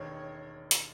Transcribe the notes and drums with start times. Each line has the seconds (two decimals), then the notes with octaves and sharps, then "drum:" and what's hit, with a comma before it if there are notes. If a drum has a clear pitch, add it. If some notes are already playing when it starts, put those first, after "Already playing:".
Already playing: E1 D#2 D#3 C#5
0.71 drum: hi-hat